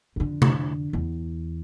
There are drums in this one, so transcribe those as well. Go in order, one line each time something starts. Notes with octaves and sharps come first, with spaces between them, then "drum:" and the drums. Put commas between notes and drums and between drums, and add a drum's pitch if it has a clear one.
F2 D3
drum: tom C3
E2